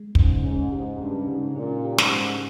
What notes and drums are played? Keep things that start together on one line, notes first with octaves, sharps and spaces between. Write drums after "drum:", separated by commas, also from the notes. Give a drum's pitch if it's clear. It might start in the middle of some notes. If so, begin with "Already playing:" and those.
Already playing: G#3
G#2 C#3, drum: kick
G#2 C#4
G#2 G4
G2 G#3
G#2 C#3
A#2 C#4
G4
G#2, drum: snare
G#3